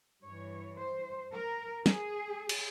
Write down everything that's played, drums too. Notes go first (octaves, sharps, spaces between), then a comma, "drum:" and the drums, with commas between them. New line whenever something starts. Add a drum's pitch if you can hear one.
G2 E3 C#5
C5
A#4
G#4, drum: snare
drum: cymbal